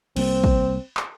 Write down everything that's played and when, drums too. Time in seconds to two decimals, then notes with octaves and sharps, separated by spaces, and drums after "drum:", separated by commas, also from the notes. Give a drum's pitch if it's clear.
0.16 C2 G3 A#3 C4, drum: cymbal
0.44 drum: kick
0.97 drum: clap